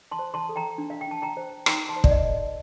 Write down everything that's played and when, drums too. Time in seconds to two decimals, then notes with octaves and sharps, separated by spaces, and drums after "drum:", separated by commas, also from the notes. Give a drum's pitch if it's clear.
0.11 A5 C6
0.19 C5
0.34 A5 C6
0.49 A4
0.56 G5 A#5
0.78 D4
0.90 F5
1.01 G5
1.07 D4 A5
1.22 G5 A#5
1.37 C5
1.66 D#4 G5 A#5, drum: rim click
1.89 A5 C6
1.96 C5
2.04 D5, drum: kick
2.11 D#5
2.26 A4
2.34 D#5